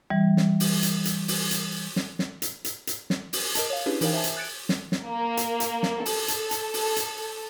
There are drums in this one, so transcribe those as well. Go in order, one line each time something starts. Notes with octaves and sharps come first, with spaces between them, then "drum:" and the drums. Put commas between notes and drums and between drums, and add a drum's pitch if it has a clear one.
E3 G3
drum: snare
drum: open hi-hat
drum: hi-hat
drum: hi-hat
drum: open hi-hat
drum: hi-hat
drum: snare
drum: snare
drum: hi-hat
drum: hi-hat
drum: hi-hat
drum: snare
drum: open hi-hat
A#4 D#5 A5, drum: hi-hat
C#5 F5
C#4 D4 E4 G4 G#4 B4
E3 D#4 A#4 C#5 F5 G5, drum: open hi-hat
C5 E5 G#5 A5
drum: hi-hat
F#6 G#6 A6 C#7 D7
drum: snare
drum: snare
A#3
drum: hi-hat
drum: hi-hat
drum: snare
A4, drum: open hi-hat
drum: hi-hat
drum: hi-hat
drum: open hi-hat
drum: hi-hat